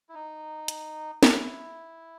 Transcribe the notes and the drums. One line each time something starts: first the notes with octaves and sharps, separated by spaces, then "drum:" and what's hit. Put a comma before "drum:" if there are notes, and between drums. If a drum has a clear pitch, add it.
E4
D#4
drum: hi-hat
E4, drum: snare